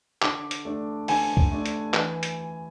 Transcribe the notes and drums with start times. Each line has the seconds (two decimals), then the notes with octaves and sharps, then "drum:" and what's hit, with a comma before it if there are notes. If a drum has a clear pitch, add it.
0.22 D3 D6, drum: clap
0.51 drum: hi-hat
0.65 A3 D4
1.08 D3 G#5, drum: open hi-hat
1.37 drum: kick C#2
1.51 A3 D4
1.66 drum: hi-hat
1.94 E3, drum: clap
2.23 drum: hi-hat